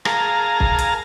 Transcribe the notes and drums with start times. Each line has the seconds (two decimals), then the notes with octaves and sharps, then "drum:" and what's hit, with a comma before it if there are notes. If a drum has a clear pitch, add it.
0.05 G#4 A#4 F5 A5 A#5, drum: rim click
0.60 drum: kick
0.78 drum: hi-hat